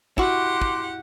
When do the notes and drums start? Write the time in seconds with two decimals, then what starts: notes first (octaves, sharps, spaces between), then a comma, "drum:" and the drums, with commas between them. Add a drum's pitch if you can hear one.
0.18 E4 F#4 G4 F#5 C6 D6, drum: kick
0.61 drum: kick